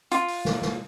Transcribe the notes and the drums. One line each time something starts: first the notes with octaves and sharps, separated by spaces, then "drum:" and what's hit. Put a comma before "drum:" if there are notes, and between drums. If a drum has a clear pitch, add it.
F4, drum: hi-hat
drum: open hi-hat
drum: snare
drum: snare